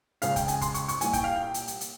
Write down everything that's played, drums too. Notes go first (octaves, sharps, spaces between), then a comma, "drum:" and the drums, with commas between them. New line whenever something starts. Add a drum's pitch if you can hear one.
F2 C#3 F3 G#3 F5, drum: hi-hat
G5, drum: kick, hi-hat
G#5, drum: hi-hat
C6, drum: kick, hi-hat
C#6, drum: hi-hat
C#6, drum: hi-hat
C2 A#2 G3 G#5, drum: hi-hat
G5, drum: kick, hi-hat
F5
G5
drum: hi-hat
drum: hi-hat
drum: hi-hat